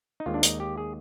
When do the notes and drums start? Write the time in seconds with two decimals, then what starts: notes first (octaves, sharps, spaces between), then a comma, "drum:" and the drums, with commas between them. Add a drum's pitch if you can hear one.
0.20 D#4
0.26 D#2 D#3 G#3 F4
0.34 D4
0.43 D#4, drum: hi-hat
0.60 G4
0.77 G#4